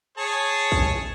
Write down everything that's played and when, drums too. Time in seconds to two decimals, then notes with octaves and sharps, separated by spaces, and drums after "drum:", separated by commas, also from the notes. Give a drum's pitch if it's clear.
0.18 G#4 C#5 A5
0.72 drum: kick